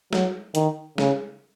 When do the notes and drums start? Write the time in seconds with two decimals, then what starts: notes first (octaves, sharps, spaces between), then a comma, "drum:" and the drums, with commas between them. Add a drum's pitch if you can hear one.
0.13 F#3, drum: snare
0.55 D#3, drum: hi-hat
0.98 C#3, drum: snare